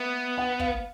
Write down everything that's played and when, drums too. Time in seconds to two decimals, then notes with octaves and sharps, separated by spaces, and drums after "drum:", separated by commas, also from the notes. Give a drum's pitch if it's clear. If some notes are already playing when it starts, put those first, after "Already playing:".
Already playing: B3 E5
0.38 F#5
0.60 F5, drum: kick